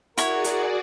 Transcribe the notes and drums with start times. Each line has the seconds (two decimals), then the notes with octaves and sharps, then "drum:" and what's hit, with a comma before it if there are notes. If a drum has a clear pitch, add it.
0.18 E4 F#4 G#4 A#4 C#5 D5 F#5, drum: hi-hat
0.44 drum: hi-hat